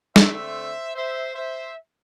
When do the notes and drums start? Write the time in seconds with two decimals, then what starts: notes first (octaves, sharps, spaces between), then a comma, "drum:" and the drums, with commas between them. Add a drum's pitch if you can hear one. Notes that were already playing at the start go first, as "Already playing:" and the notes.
0.16 D3 A3 C4 C5 E5, drum: snare
0.96 C5 E5
1.35 C5 E5